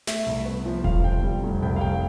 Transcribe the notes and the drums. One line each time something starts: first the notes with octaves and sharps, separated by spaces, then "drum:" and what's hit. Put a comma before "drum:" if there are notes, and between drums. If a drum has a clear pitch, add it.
A3 E5, drum: snare
C2
B3
F3
G1 F5, drum: kick E1
C3 G5
G3
F1
C2 G5
F5
C2 G5